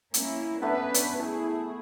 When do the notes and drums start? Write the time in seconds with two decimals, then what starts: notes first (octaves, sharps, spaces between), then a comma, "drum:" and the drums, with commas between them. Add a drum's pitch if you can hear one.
0.14 A#3 C#4 E4, drum: hi-hat
0.62 A3 B3 C#4 D4 B4
0.94 drum: hi-hat
1.19 E4 G#4 A5